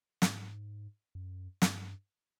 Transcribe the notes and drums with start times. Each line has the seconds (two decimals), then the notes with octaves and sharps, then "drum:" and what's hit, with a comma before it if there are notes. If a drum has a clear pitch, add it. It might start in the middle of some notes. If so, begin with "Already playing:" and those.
0.22 G#2, drum: snare
1.15 F#2
1.62 G2, drum: snare